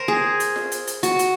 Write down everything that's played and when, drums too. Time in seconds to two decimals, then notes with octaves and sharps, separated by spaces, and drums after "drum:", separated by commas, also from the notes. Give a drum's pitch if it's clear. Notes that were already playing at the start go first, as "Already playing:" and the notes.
Already playing: A#4 C5
0.08 G#4
0.40 drum: hi-hat
0.56 drum: snare F4
0.72 drum: hi-hat
0.87 drum: hi-hat
1.03 F#4, drum: hi-hat
1.19 drum: hi-hat